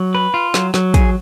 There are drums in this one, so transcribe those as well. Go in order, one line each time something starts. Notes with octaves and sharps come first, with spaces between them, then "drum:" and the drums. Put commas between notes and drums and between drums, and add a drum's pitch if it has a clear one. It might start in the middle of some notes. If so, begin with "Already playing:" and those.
Already playing: F#3
B4
F4
F#3, drum: snare
F#3, drum: snare
G#4, drum: kick, hi-hat